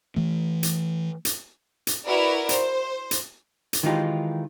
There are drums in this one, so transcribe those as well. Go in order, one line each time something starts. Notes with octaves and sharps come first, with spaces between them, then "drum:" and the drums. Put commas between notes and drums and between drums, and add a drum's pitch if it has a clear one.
E3 A3
drum: hi-hat
drum: hi-hat
drum: hi-hat
E4 F#4 A#4 B4 D5
C5, drum: hi-hat
drum: hi-hat
drum: hi-hat
D#3 E3 G#3 D#4 F4 G4